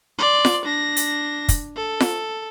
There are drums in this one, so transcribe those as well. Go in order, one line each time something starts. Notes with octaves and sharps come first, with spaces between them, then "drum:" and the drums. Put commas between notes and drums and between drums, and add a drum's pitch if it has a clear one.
D5 C6
drum: snare F4
D4 A#6
drum: hi-hat
drum: kick, hi-hat
A4
drum: snare F4